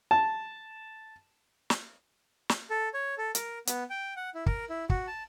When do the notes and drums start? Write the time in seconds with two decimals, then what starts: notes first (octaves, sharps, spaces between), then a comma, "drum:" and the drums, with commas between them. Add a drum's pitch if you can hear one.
0.11 A5
1.70 drum: snare
2.49 drum: snare
2.70 A4
2.94 C#5
3.18 A4
3.35 A#4, drum: hi-hat
3.67 B3, drum: hi-hat
3.90 G5
4.16 F#5
4.35 E4
4.46 A#4, drum: kick
4.70 E4
4.90 F#4, drum: kick
5.07 A5